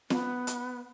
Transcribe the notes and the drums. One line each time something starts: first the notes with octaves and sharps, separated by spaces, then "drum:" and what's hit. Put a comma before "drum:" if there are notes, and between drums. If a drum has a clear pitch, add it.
B3, drum: snare
drum: hi-hat